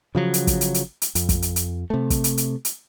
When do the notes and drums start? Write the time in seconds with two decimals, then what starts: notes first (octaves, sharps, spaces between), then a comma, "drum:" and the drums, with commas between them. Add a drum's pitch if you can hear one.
0.15 C#3 F3 F#3
0.34 drum: hi-hat
0.47 drum: kick, hi-hat
0.61 drum: hi-hat
0.74 drum: hi-hat
1.02 drum: hi-hat
1.15 F2, drum: hi-hat
1.29 drum: kick, hi-hat
1.42 drum: hi-hat
1.56 drum: hi-hat
1.90 C3 A3
2.10 drum: kick, hi-hat
2.24 drum: hi-hat
2.37 drum: hi-hat
2.65 drum: hi-hat